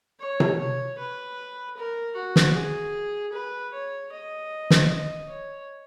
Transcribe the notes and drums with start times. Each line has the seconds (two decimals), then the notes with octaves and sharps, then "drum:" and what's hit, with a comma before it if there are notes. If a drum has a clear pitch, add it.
0.20 C#5
0.40 drum: tom C3
0.59 C#5
0.99 B4
1.77 A#4
2.16 F#4
2.36 drum: snare
2.55 G#4
3.33 B4
3.73 C#5
4.12 D#5
4.70 drum: snare
4.90 D#5
5.29 C#5